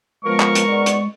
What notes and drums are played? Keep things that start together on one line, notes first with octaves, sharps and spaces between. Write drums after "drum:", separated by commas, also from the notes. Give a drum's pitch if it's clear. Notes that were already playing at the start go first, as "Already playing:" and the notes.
F3 G#3 B3 A#4 C#6
drum: clap
drum: hi-hat
G#2 B3 D5
drum: hi-hat